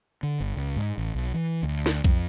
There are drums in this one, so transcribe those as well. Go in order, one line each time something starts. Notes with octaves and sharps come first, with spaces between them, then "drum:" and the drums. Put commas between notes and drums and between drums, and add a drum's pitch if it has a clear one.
D3
G1
C#2
G#2
A1
B1
E3
D2
drum: snare
F2, drum: kick B1